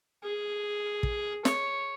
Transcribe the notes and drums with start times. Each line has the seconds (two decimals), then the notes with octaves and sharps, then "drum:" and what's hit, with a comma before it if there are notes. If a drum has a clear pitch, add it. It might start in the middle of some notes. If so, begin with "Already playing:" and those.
0.23 G#4
1.03 drum: kick
1.45 C#5, drum: snare